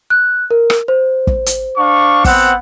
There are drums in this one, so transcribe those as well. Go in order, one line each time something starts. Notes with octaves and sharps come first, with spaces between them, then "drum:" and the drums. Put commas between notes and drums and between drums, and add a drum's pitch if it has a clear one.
F#6
A#4
drum: rim click
C5
drum: kick
drum: hi-hat
D4 F5 C#6
B3 C4 F#5, drum: kick, open hi-hat